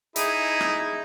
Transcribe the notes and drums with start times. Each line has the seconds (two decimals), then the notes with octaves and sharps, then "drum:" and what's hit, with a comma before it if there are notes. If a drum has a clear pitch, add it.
0.16 D#4 E4 G#4, drum: hi-hat
0.61 drum: rim click